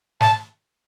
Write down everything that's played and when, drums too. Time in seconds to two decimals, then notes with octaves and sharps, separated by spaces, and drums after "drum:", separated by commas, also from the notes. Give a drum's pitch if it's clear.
0.21 A5, drum: snare